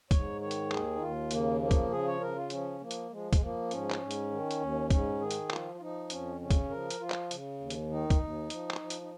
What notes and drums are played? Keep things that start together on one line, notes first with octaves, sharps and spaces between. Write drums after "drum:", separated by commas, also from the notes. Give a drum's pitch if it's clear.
G#2 C#5, drum: kick, hi-hat
D#3 C#5
drum: hi-hat
D#2 G#4, drum: clap
D#4
D#2 F4
C#3 A#3, drum: hi-hat
F3 A#3
drum: kick, hi-hat
C#3 G#4
C#5
C#3 A#4
F4
F3 C#4, drum: hi-hat
F3 A#3
drum: hi-hat
F3 G#3
G#3, drum: kick, hi-hat
F3 A#3
G#2 C#4, drum: hi-hat
drum: clap
G#2
drum: hi-hat
D#3
drum: hi-hat
D#2
G#2 C#4, drum: kick, hi-hat
D#3 G#4
drum: hi-hat
F3 F4, drum: clap
F4
F3 D#4
F2 C#4, drum: hi-hat
C#3 C#4
drum: kick, hi-hat
F3 A#4
drum: hi-hat
F3 F4
drum: clap
C#3, drum: hi-hat
D#2
drum: hi-hat
D#3 D#4
drum: kick, hi-hat
D#2
F3, drum: hi-hat
drum: clap
F3
drum: hi-hat
D#4